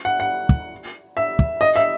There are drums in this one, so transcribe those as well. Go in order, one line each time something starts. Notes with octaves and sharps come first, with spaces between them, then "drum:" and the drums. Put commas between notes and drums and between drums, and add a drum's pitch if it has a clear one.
F#5
F#5
drum: kick
E5
drum: kick
D#5
E5